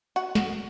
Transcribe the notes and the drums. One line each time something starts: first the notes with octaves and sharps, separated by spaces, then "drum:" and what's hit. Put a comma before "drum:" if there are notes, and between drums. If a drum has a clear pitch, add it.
F#4
drum: snare